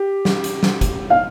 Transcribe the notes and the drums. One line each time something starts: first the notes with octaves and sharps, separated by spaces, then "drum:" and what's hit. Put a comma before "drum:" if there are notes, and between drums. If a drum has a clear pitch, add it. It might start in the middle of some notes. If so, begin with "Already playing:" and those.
Already playing: G4
drum: snare
drum: hi-hat
drum: snare
drum: kick, hi-hat
F5